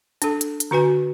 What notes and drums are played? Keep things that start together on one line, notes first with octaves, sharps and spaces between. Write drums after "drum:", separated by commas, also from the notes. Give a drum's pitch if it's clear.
D4 A4, drum: hi-hat
drum: hi-hat
drum: hi-hat
D3 F#4 B4 G#5